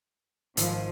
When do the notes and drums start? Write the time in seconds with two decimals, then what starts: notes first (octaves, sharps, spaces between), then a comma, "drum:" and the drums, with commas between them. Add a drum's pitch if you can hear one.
0.57 G#1 F3 E6 D#7, drum: hi-hat